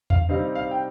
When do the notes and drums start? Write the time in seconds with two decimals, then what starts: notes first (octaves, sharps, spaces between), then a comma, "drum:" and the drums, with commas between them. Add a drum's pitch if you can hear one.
0.10 F5, drum: tom E2
0.29 C3 G3 C4 D#4 F5
0.55 F5
0.71 G5